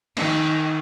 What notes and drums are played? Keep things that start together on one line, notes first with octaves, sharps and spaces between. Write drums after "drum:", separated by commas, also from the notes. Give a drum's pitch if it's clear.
D#3, drum: cymbal